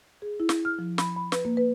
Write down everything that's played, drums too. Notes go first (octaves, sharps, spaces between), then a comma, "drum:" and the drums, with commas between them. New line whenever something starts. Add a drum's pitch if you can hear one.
G#4
E4
drum: snare
F6
F3
B5, drum: snare
B5
B4, drum: snare
A#3
B4